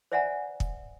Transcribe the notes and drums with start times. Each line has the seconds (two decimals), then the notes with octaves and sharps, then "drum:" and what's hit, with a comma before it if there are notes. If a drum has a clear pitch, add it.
0.12 C5 D5 E5 F#5 G#5 A#5
0.60 drum: kick